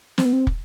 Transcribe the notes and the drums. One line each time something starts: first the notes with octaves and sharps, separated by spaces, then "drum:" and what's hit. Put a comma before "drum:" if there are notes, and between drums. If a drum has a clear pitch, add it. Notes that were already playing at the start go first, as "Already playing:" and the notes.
C4, drum: snare
B3
C4
drum: kick